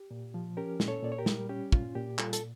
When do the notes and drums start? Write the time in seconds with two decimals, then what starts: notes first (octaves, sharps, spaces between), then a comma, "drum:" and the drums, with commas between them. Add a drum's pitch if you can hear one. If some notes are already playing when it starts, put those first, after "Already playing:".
Already playing: G4
0.11 A#2
0.34 F3
0.57 C#4 G4 A#4
0.80 A#2, drum: snare
0.88 A4 C#5
1.03 A#2 D5
1.12 C#5
1.18 G4 A#4
1.26 G3, drum: snare
1.49 C#4 G4
1.72 A#2 F4, drum: kick
1.95 A#2 G4
2.18 G3 F4 A4, drum: clap
2.33 A4, drum: hi-hat